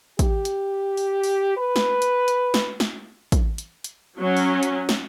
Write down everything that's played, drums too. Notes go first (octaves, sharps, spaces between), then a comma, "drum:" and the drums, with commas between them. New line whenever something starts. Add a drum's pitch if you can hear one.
G4, drum: kick, hi-hat
drum: hi-hat
drum: open hi-hat
drum: open hi-hat
B4
drum: snare
drum: hi-hat
drum: hi-hat
drum: snare
drum: snare
drum: kick, hi-hat
drum: hi-hat
drum: hi-hat
F#3 C#4
drum: open hi-hat
drum: hi-hat
drum: snare